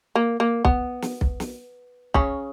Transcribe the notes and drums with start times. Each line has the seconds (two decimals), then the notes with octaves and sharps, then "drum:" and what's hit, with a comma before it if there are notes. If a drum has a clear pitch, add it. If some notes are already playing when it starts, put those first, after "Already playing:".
0.15 A#3
0.40 A#3
0.65 B3, drum: kick B1
1.02 drum: snare
1.21 drum: kick B1
1.40 drum: snare
2.14 C#3 C#4, drum: kick B1